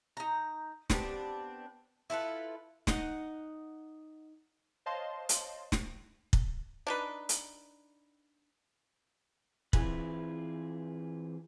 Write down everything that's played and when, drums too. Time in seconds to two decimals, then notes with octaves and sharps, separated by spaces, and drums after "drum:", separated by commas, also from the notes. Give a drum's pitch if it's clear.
0.17 D#4 A#5
0.90 B3 C4 D4 G4, drum: snare
2.10 E4 F4 A4 B4
2.87 D#4 D#5 F#5, drum: snare
4.86 C5 C#5 D#5 F5 A5 C6
5.29 drum: hi-hat
5.72 drum: snare
6.33 drum: kick
6.87 D4 D#4 B4
7.29 drum: hi-hat
9.73 E3 C4 E4 F4 G#4 B4, drum: kick